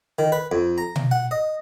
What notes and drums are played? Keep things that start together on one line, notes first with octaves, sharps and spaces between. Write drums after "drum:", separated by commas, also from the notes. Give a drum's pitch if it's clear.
D#3
B4
F2
A#5
drum: tom B2
F#5
D#5